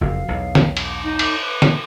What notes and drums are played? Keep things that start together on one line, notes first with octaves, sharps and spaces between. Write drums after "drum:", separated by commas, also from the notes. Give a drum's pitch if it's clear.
F#1 F2 F5
B1 E2
drum: snare
drum: cymbal
D#4
drum: cymbal
B4
drum: snare